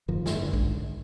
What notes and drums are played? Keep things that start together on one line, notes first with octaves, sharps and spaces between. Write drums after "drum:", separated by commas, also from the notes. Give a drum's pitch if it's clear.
F#1 D#3 F3
G#2 D#3, drum: snare
G#2 D3
drum: kick A#1